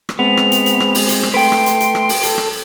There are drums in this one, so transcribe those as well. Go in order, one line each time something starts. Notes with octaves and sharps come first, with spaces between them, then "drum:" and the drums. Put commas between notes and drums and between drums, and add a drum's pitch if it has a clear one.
drum: rim click
G#3 B3 C4 F7
drum: rim click
drum: hi-hat
drum: hi-hat
drum: rim click
drum: open hi-hat
drum: hi-hat
drum: rim click
A3 B4 G5 C6 D7
drum: rim click
drum: hi-hat
drum: hi-hat
drum: rim click
drum: open hi-hat
A4, drum: hi-hat
drum: rim click